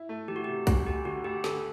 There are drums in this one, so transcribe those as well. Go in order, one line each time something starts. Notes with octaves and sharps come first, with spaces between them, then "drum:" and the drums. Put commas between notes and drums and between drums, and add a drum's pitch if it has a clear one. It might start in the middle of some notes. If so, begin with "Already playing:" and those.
Already playing: E4
A3
E3 G4
F#4
G4
C3
D2 F#4, drum: kick B1, hi-hat
A3 G4
D3 F#4
D2 G4
D3 A4, drum: snare